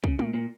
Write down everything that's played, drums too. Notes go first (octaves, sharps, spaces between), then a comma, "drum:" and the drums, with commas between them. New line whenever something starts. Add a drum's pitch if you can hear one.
C#3, drum: kick
A#2, drum: tom G#3
A#2